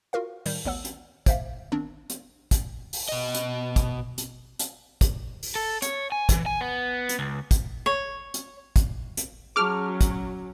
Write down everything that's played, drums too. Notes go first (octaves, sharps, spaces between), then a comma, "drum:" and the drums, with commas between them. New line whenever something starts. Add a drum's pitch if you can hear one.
F4 F#4 A#4 F5
A2 D#3 G3 G6, drum: open hi-hat
A1 D2 B3 C#5 F#5 E6
drum: hi-hat
C5 E5 F5, drum: kick, hi-hat
D#3 B3 C4 D4
drum: hi-hat
drum: kick, hi-hat
drum: open hi-hat
B2 D#5
drum: hi-hat
drum: kick, hi-hat
drum: hi-hat
drum: hi-hat
drum: kick, hi-hat
drum: open hi-hat
A4
C#5, drum: hi-hat
G#5
E3, drum: kick, hi-hat
G#5
B3
drum: hi-hat
C#2
drum: kick, hi-hat
C#5
drum: hi-hat
drum: kick, hi-hat
drum: hi-hat
F#3 C#4 G#4 A5 C#6 D6 F6
F#4
drum: kick, hi-hat